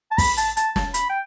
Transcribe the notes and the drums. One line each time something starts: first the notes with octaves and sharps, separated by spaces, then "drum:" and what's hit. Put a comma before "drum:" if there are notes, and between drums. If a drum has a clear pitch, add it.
A5
B5, drum: kick, open hi-hat
A5, drum: hi-hat
A5, drum: hi-hat
A5, drum: snare
B5, drum: hi-hat
G5